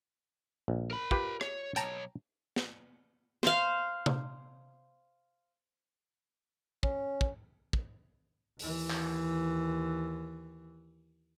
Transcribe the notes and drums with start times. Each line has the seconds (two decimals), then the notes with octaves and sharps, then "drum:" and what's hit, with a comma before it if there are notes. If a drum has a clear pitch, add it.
0.68 A#1
0.91 A#4 B5
1.11 F4 G4 B4, drum: kick
1.41 C#5, drum: rim click
1.76 B1 C#5 G5 A5 A#5, drum: hi-hat
2.56 drum: snare
3.43 C5 F5, drum: snare
4.06 drum: tom C3
6.83 C#4, drum: kick
7.21 drum: kick
7.73 drum: kick
8.59 D#2 E3, drum: open hi-hat
8.90 drum: clap